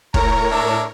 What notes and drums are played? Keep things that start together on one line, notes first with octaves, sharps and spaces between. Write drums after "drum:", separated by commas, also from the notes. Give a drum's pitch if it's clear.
A2 A#4 C#5 A#5, drum: kick
D4 E5